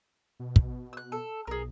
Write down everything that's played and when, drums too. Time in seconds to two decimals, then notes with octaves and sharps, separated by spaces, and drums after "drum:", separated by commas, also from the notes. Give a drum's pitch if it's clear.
0.40 B2
0.56 drum: kick
0.93 E6 F#6
1.12 A4
1.47 B1 G#4 A#4